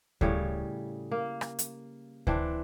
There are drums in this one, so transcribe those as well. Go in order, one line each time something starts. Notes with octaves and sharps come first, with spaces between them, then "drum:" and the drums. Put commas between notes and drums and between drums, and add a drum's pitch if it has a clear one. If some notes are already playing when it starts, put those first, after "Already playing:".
A2 C#3 G3 C#5, drum: kick D2
A#3
drum: rim click
drum: hi-hat
E3 C4 D4, drum: kick D2